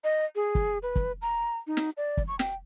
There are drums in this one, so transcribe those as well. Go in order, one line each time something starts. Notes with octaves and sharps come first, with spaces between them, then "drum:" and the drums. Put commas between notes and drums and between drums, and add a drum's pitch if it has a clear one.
D#5
G#4
drum: kick
B4
drum: kick
A#5
D#4
drum: snare
D5
drum: kick
C#6
G5, drum: snare